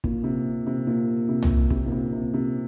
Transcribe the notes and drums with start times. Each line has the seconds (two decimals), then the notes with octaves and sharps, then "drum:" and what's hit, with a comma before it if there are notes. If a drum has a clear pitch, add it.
0.04 A#2, drum: kick
0.24 C3
0.66 C3
0.87 A#2
1.29 C3
1.42 drum: tom C2
1.70 C3, drum: kick
1.86 A#2
1.92 C3
2.12 C3
2.34 C3